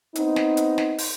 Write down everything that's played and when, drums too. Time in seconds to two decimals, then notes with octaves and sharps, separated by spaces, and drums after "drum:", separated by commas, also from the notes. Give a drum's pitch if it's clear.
0.15 B3 C4 D#4, drum: hi-hat
0.36 drum: snare
0.57 drum: hi-hat
0.78 drum: snare
0.98 drum: open hi-hat